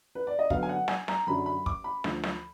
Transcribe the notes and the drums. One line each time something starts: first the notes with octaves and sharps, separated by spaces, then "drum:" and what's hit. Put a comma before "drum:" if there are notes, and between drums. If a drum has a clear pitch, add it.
B4
D5
D#5
D3 F#3 B3 F5, drum: kick
G#5
F#5
G#5, drum: snare
A#5, drum: snare
F#2 D3 F#3 D4 B5
B5
D6, drum: kick
B5
D2 D3 F3, drum: snare
drum: snare